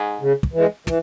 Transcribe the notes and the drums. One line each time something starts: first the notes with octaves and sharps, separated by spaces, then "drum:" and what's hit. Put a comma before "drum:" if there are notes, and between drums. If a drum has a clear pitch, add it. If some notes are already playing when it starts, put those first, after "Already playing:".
Already playing: G#2
C#3
drum: kick
E3 G#3
E3, drum: snare